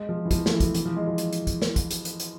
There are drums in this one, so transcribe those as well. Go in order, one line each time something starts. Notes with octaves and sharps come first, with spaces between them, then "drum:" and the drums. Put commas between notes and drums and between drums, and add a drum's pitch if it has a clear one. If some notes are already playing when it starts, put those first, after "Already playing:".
Already playing: G#3
F3
E3
F3, drum: kick, hi-hat
A3, drum: snare
E3
F3, drum: kick, hi-hat
E3, drum: hi-hat
F3
G#3
F3
drum: hi-hat
drum: hi-hat
drum: kick, hi-hat
drum: snare
drum: kick, hi-hat
drum: hi-hat
drum: hi-hat
drum: hi-hat